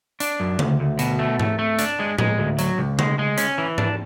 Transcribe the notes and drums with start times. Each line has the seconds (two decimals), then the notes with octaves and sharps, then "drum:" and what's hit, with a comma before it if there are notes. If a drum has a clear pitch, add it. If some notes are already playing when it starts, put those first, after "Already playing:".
0.20 D4, drum: hi-hat
0.40 F#2
0.59 D2, drum: tom C#3
0.80 D2
0.99 B2, drum: hi-hat
1.19 A3
1.40 A3, drum: tom G#2
1.59 A3
1.79 D4, drum: hi-hat
1.99 G#3
2.19 G#3, drum: tom A2
2.39 D2
2.59 F#3, drum: hi-hat
2.78 C#2
2.99 G#3, drum: tom C#3
3.19 G#3
3.38 C#4, drum: hi-hat
3.58 E3
3.78 D4, drum: tom G#2